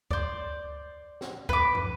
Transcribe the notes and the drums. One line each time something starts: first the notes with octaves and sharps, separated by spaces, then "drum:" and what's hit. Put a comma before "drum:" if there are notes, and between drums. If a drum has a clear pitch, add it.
C5 D5, drum: kick C#2
drum: snare
B4 D6, drum: kick C#2
drum: tom